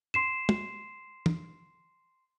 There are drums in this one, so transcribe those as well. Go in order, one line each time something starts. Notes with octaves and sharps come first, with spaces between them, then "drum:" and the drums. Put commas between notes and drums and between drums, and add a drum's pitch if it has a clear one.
C6 C7 E7
drum: tom
drum: tom